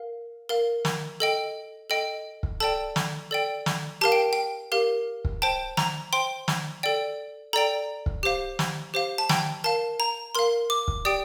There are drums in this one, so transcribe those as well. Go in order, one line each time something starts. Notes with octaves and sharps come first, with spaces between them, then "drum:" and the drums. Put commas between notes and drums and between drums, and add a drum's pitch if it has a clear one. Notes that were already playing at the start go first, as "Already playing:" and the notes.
Already playing: A#4 F5
A#4 F5
drum: snare
A4 D#5 G5
A4 D#5 G5
drum: kick
A4 D5 G5 A5
drum: snare
A4 D5 G5
drum: snare
G4 A#4 F5 A5
G5
G5
G4 A#4 F5
drum: kick
C5 G5 A5
A#5, drum: snare
C5 G5 C6
drum: snare
A4 D5 G5
A4 D5 G5 A#5
drum: kick
G4 C5 F5
drum: snare
G4 C5 F5
A5
G5, drum: snare
A#4 F5 A5
A#5
A#4 F5 C6
D6
drum: kick
G4 D5 G5 D#6